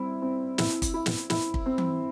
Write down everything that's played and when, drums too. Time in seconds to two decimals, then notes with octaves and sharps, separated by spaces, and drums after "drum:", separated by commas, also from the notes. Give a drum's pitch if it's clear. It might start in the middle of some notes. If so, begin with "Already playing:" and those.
Already playing: G3 C4 E4
0.22 C4
0.58 E4, drum: snare
0.82 drum: kick, hi-hat
0.94 E4
1.06 drum: snare
1.30 E4, drum: snare
1.54 drum: kick
1.66 C4
1.78 drum: tom E3